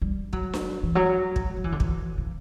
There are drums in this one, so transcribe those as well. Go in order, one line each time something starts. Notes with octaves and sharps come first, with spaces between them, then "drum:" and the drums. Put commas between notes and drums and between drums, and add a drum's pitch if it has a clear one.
G3
F#3, drum: kick
drum: snare D4
E3
F#3
drum: kick
F#3
E3
D3
E3, drum: kick
C#3